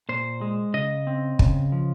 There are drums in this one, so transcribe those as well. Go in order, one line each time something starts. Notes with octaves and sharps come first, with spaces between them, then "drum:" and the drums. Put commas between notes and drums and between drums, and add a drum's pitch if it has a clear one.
A#2 C5
G#3
C#3 D#5
C4
C#3, drum: kick
F3